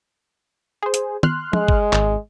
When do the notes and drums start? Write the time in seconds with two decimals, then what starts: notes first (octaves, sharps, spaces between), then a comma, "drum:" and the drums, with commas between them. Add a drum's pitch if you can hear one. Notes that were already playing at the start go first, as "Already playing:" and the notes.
0.82 G#4 C5
0.94 drum: hi-hat
1.23 C6 F6 F#6, drum: tom
1.53 G#3, drum: tom
1.68 drum: kick
1.93 G#1, drum: clap